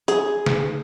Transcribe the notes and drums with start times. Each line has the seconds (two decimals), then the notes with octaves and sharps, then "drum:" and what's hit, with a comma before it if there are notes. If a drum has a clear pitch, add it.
0.08 G#4, drum: hi-hat
0.46 drum: snare